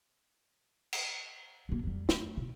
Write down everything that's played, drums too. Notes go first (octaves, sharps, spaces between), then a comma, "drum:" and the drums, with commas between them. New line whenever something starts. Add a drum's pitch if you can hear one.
drum: cymbal
B2 A#3
F2 G3
A3, drum: snare
B2